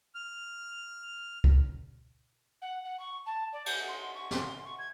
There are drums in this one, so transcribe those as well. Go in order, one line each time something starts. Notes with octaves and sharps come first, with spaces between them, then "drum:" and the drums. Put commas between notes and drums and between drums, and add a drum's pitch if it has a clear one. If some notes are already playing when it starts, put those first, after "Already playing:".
F6
drum: kick
F#5
F#5
C#6
A5
D5
G6, drum: cymbal
C6
C#6
C6, drum: snare
C#6
G#6